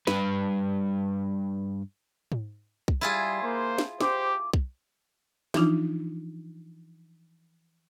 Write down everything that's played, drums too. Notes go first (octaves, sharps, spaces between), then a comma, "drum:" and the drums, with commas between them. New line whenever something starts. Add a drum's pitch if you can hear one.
G2 B4, drum: snare
drum: tom G#2
drum: kick B1
G3 E4 F4 G#4
A#3 C5
drum: snare
G4 C5 D6, drum: snare
drum: kick B1
E3 F3 D4 D#4 F4, drum: snare